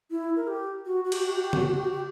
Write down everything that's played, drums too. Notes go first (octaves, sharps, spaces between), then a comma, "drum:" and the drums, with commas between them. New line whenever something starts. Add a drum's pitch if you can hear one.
E4
A#4
G4
F#4
F#4
G4, drum: cymbal
F#4
G4
F#4
G4
F#4, drum: tom C#3
G4
F#4
G4
F#4
G4